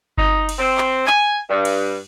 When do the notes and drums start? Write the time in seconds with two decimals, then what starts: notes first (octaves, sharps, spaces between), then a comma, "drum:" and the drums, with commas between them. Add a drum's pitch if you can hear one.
0.18 D#4, drum: kick G1
0.49 drum: cymbal
0.59 C4
0.78 drum: clap
1.07 G#5, drum: clap
1.50 G2
1.65 drum: cymbal